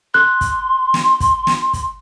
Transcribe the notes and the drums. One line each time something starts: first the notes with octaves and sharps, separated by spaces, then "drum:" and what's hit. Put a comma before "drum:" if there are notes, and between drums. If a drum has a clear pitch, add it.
C6 F#6
drum: kick, hi-hat
drum: snare
drum: kick, hi-hat
drum: snare
drum: kick, hi-hat